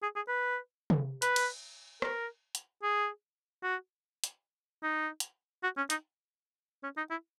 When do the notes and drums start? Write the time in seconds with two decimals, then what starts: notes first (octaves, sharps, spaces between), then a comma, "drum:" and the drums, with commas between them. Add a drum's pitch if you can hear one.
0.02 G#4
0.16 G#4
0.28 B4
0.90 drum: tom
1.22 B4, drum: hi-hat
1.36 drum: cymbal
2.02 A#4, drum: rim click
2.55 drum: hi-hat
2.83 G#4
3.63 F#4
4.24 drum: hi-hat
4.83 D#4
5.20 drum: hi-hat
5.63 F#4
5.77 C#4
5.90 D#4, drum: hi-hat
6.83 C#4
6.97 D#4
7.10 E4